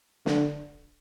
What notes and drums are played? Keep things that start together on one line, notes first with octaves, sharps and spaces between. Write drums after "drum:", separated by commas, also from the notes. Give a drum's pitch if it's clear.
D3, drum: snare